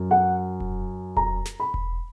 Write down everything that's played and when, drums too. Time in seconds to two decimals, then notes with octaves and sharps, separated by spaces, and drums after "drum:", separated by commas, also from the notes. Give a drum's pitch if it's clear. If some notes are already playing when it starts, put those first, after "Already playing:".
Already playing: F#2
0.11 F#5
0.60 drum: kick E1
1.17 A#5, drum: kick E1
1.46 drum: snare
1.60 B5
1.74 drum: kick E1